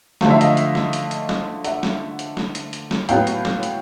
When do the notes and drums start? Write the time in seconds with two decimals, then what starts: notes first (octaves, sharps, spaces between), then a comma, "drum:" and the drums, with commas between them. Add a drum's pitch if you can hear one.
0.21 D3 F3 A3 F5, drum: snare
0.31 E5
0.41 D#5 F5, drum: hi-hat
0.57 drum: hi-hat
0.75 drum: snare
0.93 drum: hi-hat
1.11 drum: hi-hat
1.29 drum: snare
1.64 E5 F#5, drum: hi-hat
1.83 drum: snare
2.19 drum: hi-hat
2.37 drum: snare
2.55 drum: hi-hat
2.73 drum: hi-hat
2.91 drum: snare
3.09 A2 F#3 B3 F5 G5, drum: hi-hat
3.27 drum: hi-hat
3.45 drum: snare
3.63 drum: hi-hat